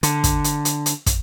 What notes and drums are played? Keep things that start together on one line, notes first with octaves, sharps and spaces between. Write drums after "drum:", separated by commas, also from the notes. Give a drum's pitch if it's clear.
D3, drum: hi-hat
drum: kick, hi-hat
drum: hi-hat
drum: hi-hat
drum: hi-hat
drum: kick, hi-hat